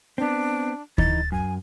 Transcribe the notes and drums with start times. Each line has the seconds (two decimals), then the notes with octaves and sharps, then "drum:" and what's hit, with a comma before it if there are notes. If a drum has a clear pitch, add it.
0.18 B3 C4 D4
0.98 E3 D#4 A6, drum: kick D2
1.32 F#2 G#5